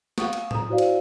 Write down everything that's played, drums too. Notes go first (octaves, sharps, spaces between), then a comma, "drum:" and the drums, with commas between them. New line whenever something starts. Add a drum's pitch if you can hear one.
F5 F#5 C#6 D#6, drum: snare A3
drum: cymbal
A#5 D#6, drum: tom A2
E4 F#4 C5 D5 F5
drum: cymbal